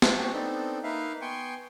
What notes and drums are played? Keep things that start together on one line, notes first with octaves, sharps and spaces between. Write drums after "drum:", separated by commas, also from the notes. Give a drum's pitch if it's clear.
drum: snare
C4 F#4 G4
B3 C4 D4 D#4 A4
A#3 D#4 B4 E5 F5
B3 G5 G#5 C6 C#6